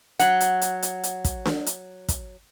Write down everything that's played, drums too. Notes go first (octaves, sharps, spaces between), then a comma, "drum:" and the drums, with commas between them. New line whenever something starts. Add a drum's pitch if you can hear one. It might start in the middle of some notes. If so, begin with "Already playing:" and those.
F#3 F#5, drum: hi-hat
drum: hi-hat
drum: hi-hat
drum: hi-hat
drum: hi-hat
drum: kick, hi-hat
drum: snare D4
drum: hi-hat
drum: kick, hi-hat